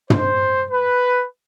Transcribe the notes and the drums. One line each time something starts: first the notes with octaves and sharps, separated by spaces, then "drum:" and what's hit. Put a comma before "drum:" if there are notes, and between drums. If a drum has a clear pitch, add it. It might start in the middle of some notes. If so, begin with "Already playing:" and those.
C5, drum: tom
B4